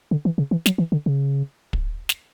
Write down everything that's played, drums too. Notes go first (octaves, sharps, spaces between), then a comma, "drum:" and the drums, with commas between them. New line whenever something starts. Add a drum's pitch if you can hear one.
D3
E3
C#3
E3
F#3, drum: snare
E3
D3
C#3
drum: kick
drum: snare